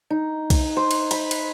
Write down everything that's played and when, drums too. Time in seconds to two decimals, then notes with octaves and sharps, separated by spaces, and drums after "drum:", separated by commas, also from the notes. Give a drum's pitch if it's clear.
0.10 D#4
0.50 drum: kick B1, cymbal
0.77 C5
0.91 drum: cymbal
1.11 B5, drum: cymbal
1.31 drum: cymbal